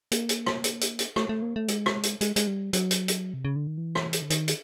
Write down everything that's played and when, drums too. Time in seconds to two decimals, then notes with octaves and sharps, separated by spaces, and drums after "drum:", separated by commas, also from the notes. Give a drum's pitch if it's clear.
0.12 A#3, drum: hi-hat
0.29 drum: hi-hat
0.46 drum: rim click
0.64 drum: hi-hat
0.81 drum: hi-hat
0.99 drum: hi-hat
1.16 A3, drum: rim click
1.29 A3
1.42 A#3
1.56 A3
1.68 G#3, drum: hi-hat
1.86 drum: rim click
2.03 drum: hi-hat
2.21 G#3, drum: hi-hat
2.36 G#3, drum: hi-hat
2.47 G3
2.73 F#3, drum: hi-hat
2.91 drum: hi-hat
3.08 drum: hi-hat
3.34 C3
3.45 C#3
3.56 D3
3.67 D#3
3.78 E3
3.95 drum: rim click
4.13 drum: hi-hat
4.22 D3
4.30 D#3, drum: hi-hat
4.48 drum: hi-hat